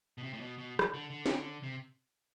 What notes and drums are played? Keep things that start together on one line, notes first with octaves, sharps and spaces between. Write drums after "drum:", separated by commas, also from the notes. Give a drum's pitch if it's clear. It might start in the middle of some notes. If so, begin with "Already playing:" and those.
B2
C3
A2
B2
B2
drum: rim click
D3
D3
drum: snare
C3